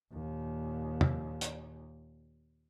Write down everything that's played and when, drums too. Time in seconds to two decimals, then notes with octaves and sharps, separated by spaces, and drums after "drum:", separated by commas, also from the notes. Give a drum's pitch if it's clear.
0.13 D#2 A#2
1.01 drum: tom
1.41 drum: hi-hat